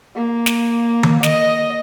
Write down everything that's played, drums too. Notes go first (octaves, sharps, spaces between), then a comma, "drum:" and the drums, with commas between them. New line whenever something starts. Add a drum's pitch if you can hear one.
A#3
drum: snare
drum: tom D#3
D#5, drum: snare